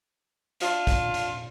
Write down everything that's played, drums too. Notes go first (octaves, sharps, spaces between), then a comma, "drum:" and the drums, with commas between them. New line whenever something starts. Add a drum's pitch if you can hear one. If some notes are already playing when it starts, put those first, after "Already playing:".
D4 F4, drum: hi-hat
drum: kick, hi-hat
drum: hi-hat